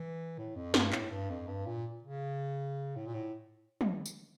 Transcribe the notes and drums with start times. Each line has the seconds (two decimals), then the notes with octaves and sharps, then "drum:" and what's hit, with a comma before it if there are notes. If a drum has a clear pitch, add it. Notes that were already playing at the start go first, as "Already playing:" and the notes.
Already playing: E3
0.38 A2
0.56 F2
0.74 G2, drum: snare
0.93 A2, drum: clap
1.11 G2
1.30 F2
1.48 G2
1.66 A#2
2.03 C#3
2.96 A2
3.06 A#2
3.14 A2
3.81 drum: tom
4.06 drum: tambourine